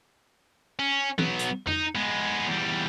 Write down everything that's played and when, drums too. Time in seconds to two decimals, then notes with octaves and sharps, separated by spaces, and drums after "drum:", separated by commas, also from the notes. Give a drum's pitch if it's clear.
0.79 C#4
1.19 F#3 B3, drum: tom E3
1.39 drum: hi-hat
1.67 D#4, drum: tom F2
1.95 G#3 B3
2.48 E2 G3